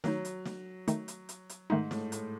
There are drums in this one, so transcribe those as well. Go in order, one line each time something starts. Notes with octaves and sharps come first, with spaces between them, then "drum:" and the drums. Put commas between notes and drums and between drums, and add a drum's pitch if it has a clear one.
D#3 F#3 A3 D#4, drum: snare
drum: hi-hat
drum: snare
D#3 A3 D#4, drum: hi-hat
drum: hi-hat
drum: hi-hat
drum: hi-hat
G#2 D#3 A3 D#4
A2, drum: snare
A2, drum: hi-hat